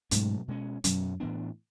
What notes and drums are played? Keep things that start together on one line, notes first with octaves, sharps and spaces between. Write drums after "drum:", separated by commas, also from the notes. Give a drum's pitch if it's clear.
G#2 B2 F#3 A3 C#4, drum: hi-hat
B2 G#3 C#4
F#2 B2 F#3 C#4, drum: hi-hat
A2 E3 B3 D4